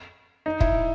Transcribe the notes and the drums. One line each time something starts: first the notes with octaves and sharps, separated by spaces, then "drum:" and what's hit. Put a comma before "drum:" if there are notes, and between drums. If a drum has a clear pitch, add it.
D#4
E4, drum: kick